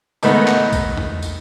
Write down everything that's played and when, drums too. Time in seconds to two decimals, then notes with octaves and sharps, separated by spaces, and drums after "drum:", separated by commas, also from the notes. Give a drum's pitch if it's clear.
0.23 G#2 D#3 A3 B3 D#4, drum: tambourine
0.48 drum: clap
0.73 drum: kick A#1, tambourine
0.97 drum: tom E2
1.22 drum: tambourine